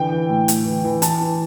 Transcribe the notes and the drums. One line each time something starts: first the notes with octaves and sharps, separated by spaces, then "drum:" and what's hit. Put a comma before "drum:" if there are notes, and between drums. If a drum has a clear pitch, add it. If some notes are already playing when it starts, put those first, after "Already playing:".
Already playing: D3 E3 G5
E3
A2
A2, drum: hi-hat
E3
E3
E3 A5, drum: hi-hat
E3